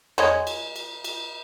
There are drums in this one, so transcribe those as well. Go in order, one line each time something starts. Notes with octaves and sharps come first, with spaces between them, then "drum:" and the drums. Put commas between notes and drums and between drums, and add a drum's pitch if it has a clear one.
G#3 C#5 D#5, drum: rim click
drum: cymbal
drum: cymbal
drum: cymbal